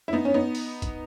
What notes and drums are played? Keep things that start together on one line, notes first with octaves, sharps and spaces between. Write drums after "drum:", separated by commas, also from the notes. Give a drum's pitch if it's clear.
E4
B3 D#4
C#4
B3 D#4
drum: open hi-hat
drum: kick, hi-hat